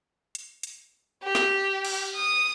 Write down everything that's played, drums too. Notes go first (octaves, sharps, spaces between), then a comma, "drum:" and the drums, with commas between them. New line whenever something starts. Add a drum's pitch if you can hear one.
drum: hi-hat
drum: hi-hat
G4
drum: snare
drum: cymbal
D#6